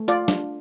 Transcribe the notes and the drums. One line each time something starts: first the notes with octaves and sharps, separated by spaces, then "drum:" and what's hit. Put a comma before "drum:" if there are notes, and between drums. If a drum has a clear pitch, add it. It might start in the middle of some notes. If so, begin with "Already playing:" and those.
Already playing: A3
F4 D5, drum: hi-hat
D4, drum: snare